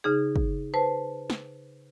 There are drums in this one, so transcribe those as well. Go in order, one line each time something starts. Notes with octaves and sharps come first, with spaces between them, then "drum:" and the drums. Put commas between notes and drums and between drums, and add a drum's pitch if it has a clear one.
C#3 D#4 G#4
drum: kick
B4 C5 A5
drum: snare